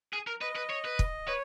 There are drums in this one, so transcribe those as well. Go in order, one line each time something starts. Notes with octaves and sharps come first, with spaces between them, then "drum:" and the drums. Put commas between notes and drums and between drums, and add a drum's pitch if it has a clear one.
G#4
A#4
B4 D#5
B4
C#5
B4
drum: kick
B4 C#5